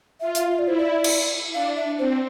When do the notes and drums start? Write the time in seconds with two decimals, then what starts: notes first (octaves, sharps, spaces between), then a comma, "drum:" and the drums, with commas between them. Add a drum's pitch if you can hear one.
0.20 F4 E5
0.35 E5, drum: hi-hat
0.51 E5
0.59 D5
0.65 E4 C5
0.77 D5
1.04 drum: cymbal
1.54 D4 F5
1.76 E5
1.99 C4 C5